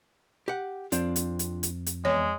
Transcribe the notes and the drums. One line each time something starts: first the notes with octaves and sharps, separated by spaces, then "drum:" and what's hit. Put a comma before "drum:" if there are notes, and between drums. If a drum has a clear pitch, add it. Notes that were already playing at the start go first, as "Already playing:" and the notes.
G4 F#5
F2 C4 D4 F4, drum: hi-hat
drum: hi-hat
drum: hi-hat
drum: hi-hat
drum: hi-hat
E2 G#3 C#5